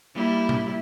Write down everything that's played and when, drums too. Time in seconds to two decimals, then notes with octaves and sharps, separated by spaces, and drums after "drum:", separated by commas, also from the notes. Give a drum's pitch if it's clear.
0.13 G3 A#3 E4
0.49 drum: tom B2